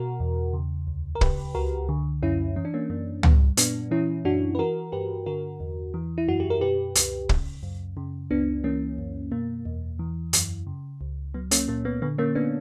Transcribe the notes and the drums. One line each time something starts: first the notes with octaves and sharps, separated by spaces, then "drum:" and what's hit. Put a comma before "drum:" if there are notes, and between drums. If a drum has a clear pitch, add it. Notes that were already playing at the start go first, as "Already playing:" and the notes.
Already playing: B2 F#4 A#4
E2
C#3
D2
A#4
C#3 G4 B4, drum: kick
C#2 F#4 A#4
D3
F#2 C#4 E4
E3 C#4
D4
A#3 C#4
F#2 A#3
G3 B3, drum: tom
A#2 B3 D4, drum: hi-hat
E3 C#4 E4
F#2 D4 F#4
B4
E3 F#4 A#4
G2 G4 B4
D3 F#4 A#4
E2
E3
E4
F#2 F#4
G4
A#4
B2 G4 B4
C#2, drum: hi-hat
C#3, drum: kick
F#2
C#3
C#2 B3 D4
E3 A#3 C#4
F#2
B2 A#3
E2
E3
F#2, drum: hi-hat
C#3
C#2
F#3 B3
A#3 C#4, drum: hi-hat
A#2 A#3
B3
D3 B3
A#3 C#4
B3 D4